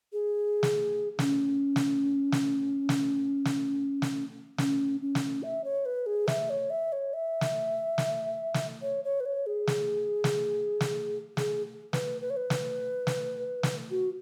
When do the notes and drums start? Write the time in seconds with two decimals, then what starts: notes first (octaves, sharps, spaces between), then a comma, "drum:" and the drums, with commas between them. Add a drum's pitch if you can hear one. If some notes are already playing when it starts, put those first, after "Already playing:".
0.13 G#4
0.63 drum: snare
1.19 C#4, drum: snare
1.76 drum: snare
2.32 drum: snare
2.89 drum: snare
3.45 drum: snare
4.02 drum: snare
4.58 C#4, drum: snare
5.01 C#4
5.15 drum: snare
5.43 E5
5.64 C#5
5.86 B4
6.06 G#4
6.28 E5, drum: snare
6.50 C#5
6.70 E5
6.92 C#5
7.14 E5
7.41 drum: snare
7.98 drum: snare
8.54 drum: snare
8.82 C#5
9.04 C#5
9.20 B4
9.26 C#5
9.46 G#4
9.67 drum: snare
10.24 drum: snare
10.81 drum: snare
11.37 G#4, drum: snare
11.93 B4, drum: snare
12.21 B4
12.30 C#5
12.37 B4
12.50 drum: snare
13.07 drum: snare
13.63 drum: snare
13.91 F#4